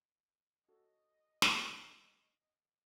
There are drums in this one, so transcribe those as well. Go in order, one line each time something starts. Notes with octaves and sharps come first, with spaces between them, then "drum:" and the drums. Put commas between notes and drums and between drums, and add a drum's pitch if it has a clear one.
F#4 A4 D#5
drum: snare